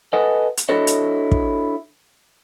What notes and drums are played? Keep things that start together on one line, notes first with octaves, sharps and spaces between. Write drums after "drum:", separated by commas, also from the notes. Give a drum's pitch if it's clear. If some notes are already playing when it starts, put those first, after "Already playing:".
A4 B4 D#5 F#5 G#5
drum: hi-hat
D4 E4 F#4 A4 C#5 D#5
drum: hi-hat
drum: kick